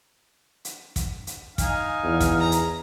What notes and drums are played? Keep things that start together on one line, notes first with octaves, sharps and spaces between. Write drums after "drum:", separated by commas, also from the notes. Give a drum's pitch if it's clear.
drum: hi-hat
drum: kick, hi-hat
drum: hi-hat
D#4 F5 G#5, drum: kick, hi-hat
E2
drum: kick, hi-hat
A#5
drum: hi-hat